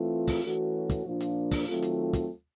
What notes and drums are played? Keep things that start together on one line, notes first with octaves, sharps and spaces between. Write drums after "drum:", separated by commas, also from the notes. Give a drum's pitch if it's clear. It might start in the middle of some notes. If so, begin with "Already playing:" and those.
Already playing: E3 A3 C4 F4
drum: kick, open hi-hat
E3 A3 C#4 F#4
drum: kick, hi-hat
A#2 F3 A#3 D4 F4
drum: hi-hat
drum: kick, open hi-hat
D#3 F#3 A3 C4 F4
drum: hi-hat
drum: kick, hi-hat